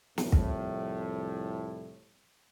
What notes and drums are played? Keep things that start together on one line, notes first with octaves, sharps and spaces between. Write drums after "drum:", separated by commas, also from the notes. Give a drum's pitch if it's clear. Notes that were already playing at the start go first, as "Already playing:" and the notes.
C2 F2 A2, drum: snare
drum: kick